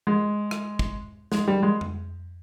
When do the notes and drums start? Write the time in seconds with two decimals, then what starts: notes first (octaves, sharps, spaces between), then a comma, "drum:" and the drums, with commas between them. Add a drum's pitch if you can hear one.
0.07 G#3
0.51 drum: rim click
0.79 drum: kick
1.32 G#3, drum: snare
1.48 G3
1.63 G#3
1.81 drum: tom F2